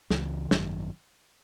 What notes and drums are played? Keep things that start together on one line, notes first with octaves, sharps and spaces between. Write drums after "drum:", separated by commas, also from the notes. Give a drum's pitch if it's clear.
C#2 C#3 E3, drum: snare
G#1 F#2 D#3 F#3, drum: snare